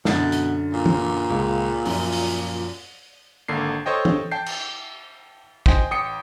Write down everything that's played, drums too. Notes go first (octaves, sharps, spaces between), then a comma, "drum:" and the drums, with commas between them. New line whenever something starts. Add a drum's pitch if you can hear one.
F#2 B2 D3 A6, drum: snare
drum: hi-hat
A#2
drum: tom E3
C#2
F#2 F3, drum: open hi-hat
drum: open hi-hat
G#1 D3 A#3 C7
A4 C5 C#5 D#5 G5
drum: tom E3
G5 A5 G6 C7
drum: cymbal
C5 D#5 G5 G#5, drum: kick
A1 G5 D#6 C7 C#7